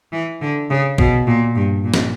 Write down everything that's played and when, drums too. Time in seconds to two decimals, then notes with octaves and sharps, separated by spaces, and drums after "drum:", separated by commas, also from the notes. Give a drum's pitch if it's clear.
0.12 E3
0.42 D3
0.70 C#3
0.98 B2, drum: kick
1.27 A#2
1.55 G2
1.84 A#2
1.94 drum: snare